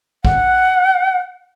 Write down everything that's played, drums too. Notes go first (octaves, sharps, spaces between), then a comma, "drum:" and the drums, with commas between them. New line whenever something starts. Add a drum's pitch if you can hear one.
F#5, drum: kick A#1